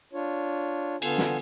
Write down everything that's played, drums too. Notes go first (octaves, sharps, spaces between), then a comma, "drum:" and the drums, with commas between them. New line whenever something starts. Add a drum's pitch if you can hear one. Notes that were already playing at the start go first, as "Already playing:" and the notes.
D4 F4 C#5
D3 B3 F4 A4 G#5, drum: cymbal
drum: snare